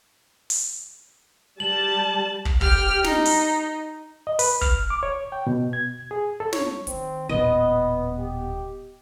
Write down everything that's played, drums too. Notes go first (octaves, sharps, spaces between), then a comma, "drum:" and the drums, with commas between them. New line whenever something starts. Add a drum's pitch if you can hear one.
drum: open hi-hat
G3 A5 F#7
drum: kick
G4 G5 F6, drum: kick
D#4, drum: snare
drum: open hi-hat
D#5
B4, drum: open hi-hat
F6, drum: kick
D6
C#5
G5
B2
G#6
G#4
A4
C#5, drum: snare
D#3 C4, drum: hi-hat
D#1 A1 B3 B4 D#5
G4